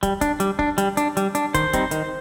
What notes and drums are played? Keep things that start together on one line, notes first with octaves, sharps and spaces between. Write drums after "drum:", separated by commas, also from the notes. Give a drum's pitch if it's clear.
G3, drum: kick, hi-hat
D4, drum: kick, hi-hat
G3, drum: hi-hat
D4, drum: kick
G3, drum: hi-hat
D4, drum: hi-hat
G3, drum: hi-hat
D4, drum: hi-hat
D#3 C5, drum: kick, hi-hat
G3 C4 D#4, drum: kick, hi-hat
D#3, drum: hi-hat